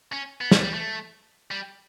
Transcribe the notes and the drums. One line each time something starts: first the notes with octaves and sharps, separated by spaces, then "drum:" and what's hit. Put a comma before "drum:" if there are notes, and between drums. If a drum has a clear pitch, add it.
C#4
B3
A3, drum: snare
G3
A3
G3